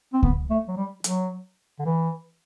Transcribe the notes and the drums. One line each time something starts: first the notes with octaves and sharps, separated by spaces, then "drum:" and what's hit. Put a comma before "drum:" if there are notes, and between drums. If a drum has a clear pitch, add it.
C4
B3, drum: kick C#2
A3
F#3
G3
F#3, drum: hi-hat
D3
E3